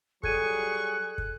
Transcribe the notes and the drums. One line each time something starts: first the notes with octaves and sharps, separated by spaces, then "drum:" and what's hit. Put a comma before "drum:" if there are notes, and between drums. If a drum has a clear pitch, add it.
F#3 G3 G#4 A4 C#6 F#6 G#6 D#7, drum: kick
drum: kick